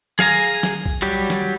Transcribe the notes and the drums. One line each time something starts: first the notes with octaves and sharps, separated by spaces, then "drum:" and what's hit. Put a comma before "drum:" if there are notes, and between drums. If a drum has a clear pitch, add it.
G#4 F5 G#5 A#5, drum: snare
drum: snare
drum: kick
F#3 G3 G4
drum: snare